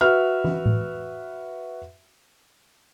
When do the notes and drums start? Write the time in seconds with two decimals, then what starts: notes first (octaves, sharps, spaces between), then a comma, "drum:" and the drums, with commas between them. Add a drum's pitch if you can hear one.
0.01 F#4 B4 E5 F6
0.44 drum: tom
0.66 drum: tom A2